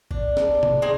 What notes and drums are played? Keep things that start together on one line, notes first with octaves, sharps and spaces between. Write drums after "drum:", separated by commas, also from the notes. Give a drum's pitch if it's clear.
D4, drum: kick G#1
drum: snare
drum: tom C3
C4 D#4 G#4 D5